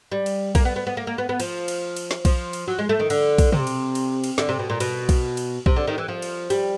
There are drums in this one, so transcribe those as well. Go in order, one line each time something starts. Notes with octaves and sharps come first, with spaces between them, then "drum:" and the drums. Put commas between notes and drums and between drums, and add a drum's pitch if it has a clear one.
G3
drum: cymbal
A#3, drum: kick B1, cymbal
B3
B3
B3
A#3
A#3
B3
B3
F3, drum: cymbal
drum: cymbal
drum: cymbal
drum: snare
F3, drum: kick B1, cymbal
drum: cymbal
F#3
G#3
A3
D#3
D3, drum: cymbal
drum: kick B1, cymbal
C3, drum: tom
drum: cymbal
drum: cymbal
drum: cymbal
D3, drum: snare
C3
B2
A#2
B2, drum: cymbal
drum: kick B1, cymbal
drum: cymbal
C3, drum: kick B1
D3
D#3
E3
F3
drum: cymbal
G3, drum: cymbal